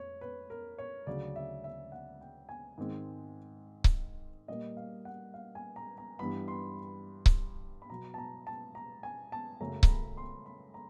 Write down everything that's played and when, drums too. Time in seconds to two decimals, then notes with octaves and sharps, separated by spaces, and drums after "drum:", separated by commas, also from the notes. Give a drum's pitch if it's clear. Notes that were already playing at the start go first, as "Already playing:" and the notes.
Already playing: F2 A3 C#5
0.21 B4
0.50 A#4
0.78 C#5
1.07 D2 C#3 F#3 D5
1.36 E5
1.64 E5
1.92 F#5
2.21 G5
2.49 G#5
2.77 G#2 D#3 G#3 C4
3.84 drum: kick C#1
4.48 A#2 G3 A#3 D#5
4.77 F5
5.05 F#5
5.34 F5
5.55 G#5
5.76 A#5
5.98 A#5
6.19 G2 E3 G3 B3 B5
6.48 C6
7.26 drum: kick C#1
7.82 B5
7.90 B2 F#3 B3 A#5
8.14 A5
8.18 A#5
8.47 A5
8.75 A#5
9.03 G#5
9.32 A5
9.60 F#2 C#3 F#3 A3 A#5
9.83 A#5, drum: kick C#1
9.89 B5
10.17 C6
10.46 B5
10.74 A#5